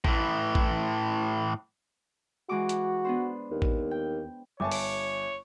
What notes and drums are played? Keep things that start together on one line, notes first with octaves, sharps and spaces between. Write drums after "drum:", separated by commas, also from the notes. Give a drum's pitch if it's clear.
A2 E3, drum: kick A1
drum: kick A1
E3 G#3 F#4 D6
drum: hi-hat
B3 D4 C5
D#2
drum: kick A1
G5
G1 C#5 E5 G#5 A5 D6
drum: open hi-hat